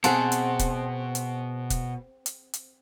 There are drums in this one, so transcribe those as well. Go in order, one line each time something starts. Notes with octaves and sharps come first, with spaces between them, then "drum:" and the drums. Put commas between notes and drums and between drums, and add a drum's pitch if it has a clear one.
B2 C4 G#4 F#5 A5, drum: hi-hat
drum: hi-hat
drum: kick, hi-hat
drum: hi-hat
drum: kick, hi-hat
drum: hi-hat
drum: hi-hat